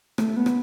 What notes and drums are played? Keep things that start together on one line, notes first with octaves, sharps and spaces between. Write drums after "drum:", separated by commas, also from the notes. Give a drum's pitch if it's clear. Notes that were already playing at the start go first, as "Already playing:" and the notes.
A3, drum: rim click
B3
drum: rim click